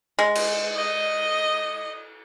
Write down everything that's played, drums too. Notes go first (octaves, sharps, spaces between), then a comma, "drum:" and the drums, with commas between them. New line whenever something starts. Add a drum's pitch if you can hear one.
G#3
drum: cymbal
D#5